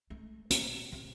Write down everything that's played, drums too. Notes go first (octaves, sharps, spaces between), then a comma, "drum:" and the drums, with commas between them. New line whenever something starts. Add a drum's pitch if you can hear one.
A3
B2, drum: hi-hat
C3